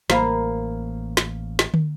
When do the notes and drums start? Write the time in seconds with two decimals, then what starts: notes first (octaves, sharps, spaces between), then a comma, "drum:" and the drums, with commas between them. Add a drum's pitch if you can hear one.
0.10 A1 A#3 C5 F5 B5, drum: snare
1.17 drum: snare
1.59 drum: snare
1.74 drum: tom